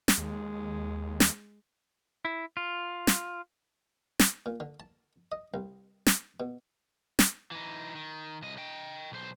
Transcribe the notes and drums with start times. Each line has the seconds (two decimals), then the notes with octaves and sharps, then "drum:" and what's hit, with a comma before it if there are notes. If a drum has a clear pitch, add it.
0.08 drum: snare
0.18 D#2 G#3
1.20 drum: snare
2.25 E4
2.57 F4
3.07 drum: snare
4.19 drum: snare
4.46 A#2
4.60 D3
4.80 A5
5.32 D#5
5.54 C2
6.06 drum: snare
6.40 B2
7.19 drum: snare
7.51 E3 D#4
7.95 D#3
8.42 C2 D#5
8.58 D#5 G5
9.12 B1 C5